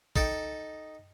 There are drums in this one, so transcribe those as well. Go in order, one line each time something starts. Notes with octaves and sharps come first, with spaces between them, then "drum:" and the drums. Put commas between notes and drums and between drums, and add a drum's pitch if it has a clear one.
D#4 A4 G5, drum: kick